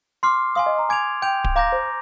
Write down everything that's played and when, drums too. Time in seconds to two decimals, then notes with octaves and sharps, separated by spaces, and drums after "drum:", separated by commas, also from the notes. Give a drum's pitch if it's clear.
0.23 C6 D6 F6 C7
0.55 F5 G#5 C6 D#6
0.66 D#5
0.78 A#5
0.89 G#5 D6 G#6 D7 F7
1.22 G5 G6 D7 F7
1.44 drum: kick D1
1.56 F5 A#5 D6 G6 A#6
1.72 C5